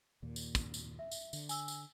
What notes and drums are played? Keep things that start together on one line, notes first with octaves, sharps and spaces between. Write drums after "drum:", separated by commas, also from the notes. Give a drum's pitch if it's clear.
D#2 A#2
drum: tambourine
drum: kick, tambourine
drum: tambourine
E5
drum: tambourine
D3, drum: tambourine
G#5 E6, drum: tambourine
drum: tambourine